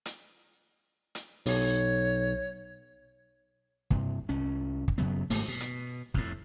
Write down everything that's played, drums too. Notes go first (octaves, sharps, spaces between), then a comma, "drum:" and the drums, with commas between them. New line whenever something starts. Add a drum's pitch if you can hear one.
drum: hi-hat
drum: hi-hat
B1 C#5, drum: open hi-hat
G2 C3, drum: kick
C2 C#4
drum: kick
F#2 C#3 F#3 B3
G#1 G#2 A3 A#3, drum: open hi-hat
B2
drum: hi-hat
F2 A2, drum: kick